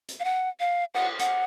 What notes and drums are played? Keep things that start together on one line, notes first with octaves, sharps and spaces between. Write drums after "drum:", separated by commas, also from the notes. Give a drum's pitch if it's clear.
drum: hi-hat
F5
F#5
F5
F#5, drum: cymbal
F#5, drum: hi-hat